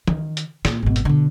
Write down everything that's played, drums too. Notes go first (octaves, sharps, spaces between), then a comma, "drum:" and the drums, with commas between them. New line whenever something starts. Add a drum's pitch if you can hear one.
D#3, drum: tom
drum: hi-hat
A#2, drum: snare
G#1 B2
drum: hi-hat
B2 D3